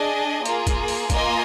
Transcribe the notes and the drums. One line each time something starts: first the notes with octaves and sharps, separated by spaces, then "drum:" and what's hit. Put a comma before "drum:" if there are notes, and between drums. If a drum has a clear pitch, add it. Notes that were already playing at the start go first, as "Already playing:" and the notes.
Already playing: D4 G#4 D#5
A#3 F4 G#4, drum: hi-hat
drum: kick, hi-hat
drum: open hi-hat
A#3 F4 A#4 D#5 G#5, drum: kick, hi-hat